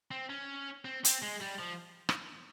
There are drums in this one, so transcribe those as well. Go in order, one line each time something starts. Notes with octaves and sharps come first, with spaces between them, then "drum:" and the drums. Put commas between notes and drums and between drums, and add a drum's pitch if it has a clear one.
C4
C#4
C4
C4, drum: hi-hat
G#3
G3
F3
drum: rim click